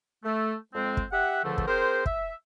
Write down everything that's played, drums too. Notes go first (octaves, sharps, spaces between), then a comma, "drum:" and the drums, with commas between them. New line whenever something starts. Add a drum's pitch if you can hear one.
A3
F2 G#3 C4
drum: kick
G4 E5 F#5
C#2 D3 F3 A3
drum: kick
C4 G#4 A#4 C5
E5, drum: kick